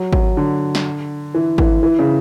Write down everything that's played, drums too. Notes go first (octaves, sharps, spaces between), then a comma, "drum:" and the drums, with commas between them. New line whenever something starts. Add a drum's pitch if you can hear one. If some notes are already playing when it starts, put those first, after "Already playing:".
Already playing: F#3
F#3, drum: kick G#1
D3
drum: snare
E3
E3, drum: kick G#1
E3
C#3